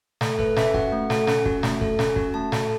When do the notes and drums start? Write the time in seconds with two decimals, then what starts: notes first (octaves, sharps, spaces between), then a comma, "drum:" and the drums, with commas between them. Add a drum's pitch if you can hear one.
0.21 A3 A4, drum: snare
0.39 A4 B4, drum: kick
0.57 C#4 E5, drum: snare
0.74 F#4 F#5, drum: kick
0.92 A3
1.10 A4, drum: snare
1.27 C#4, drum: snare
1.46 F#4, drum: kick
1.63 A3, drum: snare
1.81 A4, drum: kick
1.99 C#4, drum: snare
2.16 F#4, drum: kick
2.34 A3 A5
2.52 A4, drum: snare